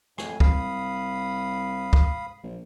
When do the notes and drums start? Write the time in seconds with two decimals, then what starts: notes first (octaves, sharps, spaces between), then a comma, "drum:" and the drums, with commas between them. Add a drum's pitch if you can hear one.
0.18 F2 A2 G#5, drum: rim click
0.40 C2 F5 B5 D#6, drum: kick
1.93 drum: kick
2.43 A#1